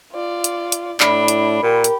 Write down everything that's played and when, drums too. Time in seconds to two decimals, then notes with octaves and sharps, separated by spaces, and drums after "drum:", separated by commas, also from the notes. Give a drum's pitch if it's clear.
0.13 F4 D5
0.44 drum: hi-hat
0.72 drum: hi-hat
1.00 A2 D4 E4 B5, drum: clap
1.28 drum: hi-hat
1.63 A#2 G4 A#4
1.84 drum: hi-hat